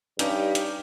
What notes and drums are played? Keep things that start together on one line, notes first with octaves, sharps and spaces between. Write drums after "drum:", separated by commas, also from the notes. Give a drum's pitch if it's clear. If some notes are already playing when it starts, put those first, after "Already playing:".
G2 C#4 D#4 G4, drum: hi-hat
drum: hi-hat